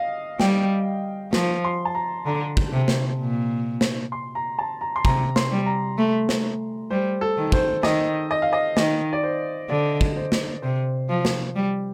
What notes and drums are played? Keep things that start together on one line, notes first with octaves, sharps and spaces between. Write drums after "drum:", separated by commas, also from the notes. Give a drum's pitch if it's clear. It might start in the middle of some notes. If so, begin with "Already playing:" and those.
Already playing: D#5 F5
G3 G5, drum: snare
F3, drum: snare
C6
A5
A#5
D3 A#5
drum: kick
C3
drum: snare
A#2
drum: snare
C6
A#5
A5
A#5
C6
C3 A#5, drum: kick
C6, drum: snare
G3
A#5
A3
drum: snare
G3 C5
A4
D#3
C5, drum: kick
D#3 D#5, drum: snare
D#5
F5
D#5
D#3 D#5, drum: snare
D5
C5
D3 D5
drum: kick
C5
drum: snare
C3 C5
F3
drum: snare
G3